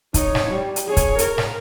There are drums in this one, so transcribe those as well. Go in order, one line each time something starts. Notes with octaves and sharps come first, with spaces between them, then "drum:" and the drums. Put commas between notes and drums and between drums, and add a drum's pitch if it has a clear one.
D#4 C#5, drum: kick, hi-hat
drum: snare
G3
drum: hi-hat
G#4 C#5
drum: kick, hi-hat
A#4, drum: hi-hat
drum: snare